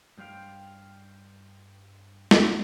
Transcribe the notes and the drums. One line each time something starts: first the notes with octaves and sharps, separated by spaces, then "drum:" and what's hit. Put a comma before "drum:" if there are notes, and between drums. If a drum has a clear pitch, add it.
G2 G3 C5 F5 G5
drum: snare